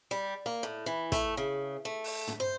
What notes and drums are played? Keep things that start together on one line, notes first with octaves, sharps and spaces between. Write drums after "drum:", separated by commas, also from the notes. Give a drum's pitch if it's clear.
G3
A#3
A2
E3
A3, drum: kick, hi-hat
C#3
A3
drum: open hi-hat
drum: tom
C5